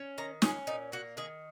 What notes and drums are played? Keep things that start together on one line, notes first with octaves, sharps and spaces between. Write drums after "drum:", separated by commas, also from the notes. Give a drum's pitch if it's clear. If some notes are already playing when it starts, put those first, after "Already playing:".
Already playing: C#4
D#3 A#5
C#4 G#4, drum: snare
A#2 D#4
A#3 F#4
D#3 G#4